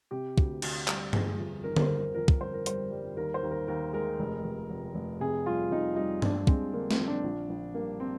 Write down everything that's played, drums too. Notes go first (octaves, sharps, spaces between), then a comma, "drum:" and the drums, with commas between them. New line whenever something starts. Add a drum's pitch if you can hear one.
C3 G4
D2, drum: kick
D2, drum: cymbal
G3, drum: clap
G1 G#4, drum: tom G2
F2
D#3 A#4
A#4, drum: tom D3
C5
G1
A#4
F2 A#4
A#4, drum: kick
G1 C5
A#4
G3 C5, drum: hi-hat
G3
D#2 A#4
C5
D#2
A#4
D#2 A#4
G#3 A#4
F1
F1
F1
F1
C3 G#4
G3 F4
F2 D#4
G3 D#4
F3 D4, drum: tom G2
G#3 C4, drum: kick
D3 A#3
C4, drum: snare
F3
D4
A#1
A#1
G3 A#3
C4